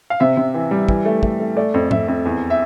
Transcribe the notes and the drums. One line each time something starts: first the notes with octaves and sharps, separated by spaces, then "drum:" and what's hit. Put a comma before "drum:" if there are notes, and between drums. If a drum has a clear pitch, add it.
F5
C3 E5
C3
E3
G3
E3, drum: kick
A3
A3, drum: kick
A3
A3 D5
F2
F2 E5, drum: tom G#2
F2
E2
E5